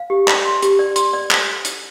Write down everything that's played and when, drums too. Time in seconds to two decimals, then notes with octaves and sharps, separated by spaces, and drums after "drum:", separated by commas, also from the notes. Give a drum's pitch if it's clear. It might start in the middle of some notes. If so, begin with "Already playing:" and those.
Already playing: F5
0.10 G4
0.28 D5, drum: clap
0.45 C6
0.62 G4, drum: hi-hat
0.79 D5
0.96 C6, drum: hi-hat
1.13 D5
1.31 drum: clap
1.65 drum: hi-hat